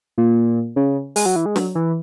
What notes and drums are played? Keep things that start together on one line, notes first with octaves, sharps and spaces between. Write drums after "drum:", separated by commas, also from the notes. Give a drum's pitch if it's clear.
A#2
C#3
G#3, drum: open hi-hat
F#3
E3
G#3
F#3, drum: snare
E3